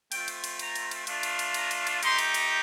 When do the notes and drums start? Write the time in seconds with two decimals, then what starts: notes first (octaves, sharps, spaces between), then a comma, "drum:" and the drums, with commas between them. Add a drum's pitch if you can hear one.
0.12 A3 C4 F4 G5, drum: cymbal
0.28 drum: cymbal
0.44 drum: cymbal
0.59 A#5, drum: cymbal
0.75 drum: cymbal
0.91 drum: cymbal
1.07 A3 D4 F4, drum: cymbal
1.23 drum: cymbal
1.39 drum: cymbal
1.54 A#5, drum: cymbal
1.71 drum: cymbal
1.87 drum: cymbal
2.03 A3 D#4 G4 C6, drum: cymbal
2.18 drum: cymbal
2.34 drum: cymbal